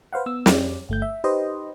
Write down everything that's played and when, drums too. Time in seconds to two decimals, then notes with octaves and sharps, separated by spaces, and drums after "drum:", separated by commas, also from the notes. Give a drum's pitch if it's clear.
0.13 B4 C5 F5 F#5
0.26 B3 E6
0.46 F2 G4 D5, drum: snare
0.89 G1 A3 G6
1.02 E5
1.24 D#4 G4 B4 C5 D#5